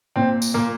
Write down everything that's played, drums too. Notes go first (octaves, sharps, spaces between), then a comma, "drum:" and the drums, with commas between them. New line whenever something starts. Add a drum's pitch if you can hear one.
A#2 C4
drum: tambourine
A#2 A#3